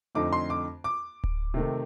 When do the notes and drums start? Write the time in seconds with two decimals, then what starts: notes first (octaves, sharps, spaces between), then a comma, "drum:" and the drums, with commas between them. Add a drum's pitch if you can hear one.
0.15 F2 D3 A3 C4 D#4 D6
0.33 C6
0.50 D6
0.84 D6
1.24 drum: kick D1
1.54 C3 D#3 A3